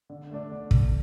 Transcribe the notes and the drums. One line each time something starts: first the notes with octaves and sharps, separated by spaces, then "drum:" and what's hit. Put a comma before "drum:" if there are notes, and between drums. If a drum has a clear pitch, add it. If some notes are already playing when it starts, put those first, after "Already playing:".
D3
A3 D4
D3
drum: kick